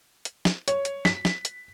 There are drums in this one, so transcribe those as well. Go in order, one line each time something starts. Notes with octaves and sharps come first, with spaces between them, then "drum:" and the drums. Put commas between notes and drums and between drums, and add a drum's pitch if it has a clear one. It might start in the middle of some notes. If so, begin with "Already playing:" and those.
drum: hi-hat
drum: snare
C#5, drum: hi-hat
drum: hi-hat
B6, drum: snare
drum: snare
drum: hi-hat